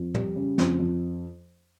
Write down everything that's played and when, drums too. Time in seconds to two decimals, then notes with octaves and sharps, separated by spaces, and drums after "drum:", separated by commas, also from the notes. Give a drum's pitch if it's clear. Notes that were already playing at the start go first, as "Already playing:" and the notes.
Already playing: F2
0.14 G3, drum: tom
0.36 C#3
0.58 F2, drum: snare
0.80 F2